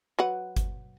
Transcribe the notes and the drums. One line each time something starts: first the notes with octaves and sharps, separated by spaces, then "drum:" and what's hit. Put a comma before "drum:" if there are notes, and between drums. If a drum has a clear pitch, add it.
F#3 B4 F#5
drum: kick G1, hi-hat